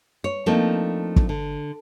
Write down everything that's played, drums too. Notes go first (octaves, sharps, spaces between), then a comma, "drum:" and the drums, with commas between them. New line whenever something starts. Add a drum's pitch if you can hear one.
C#5
F3 A3 A#3 C4 D4 D#4
drum: kick
D3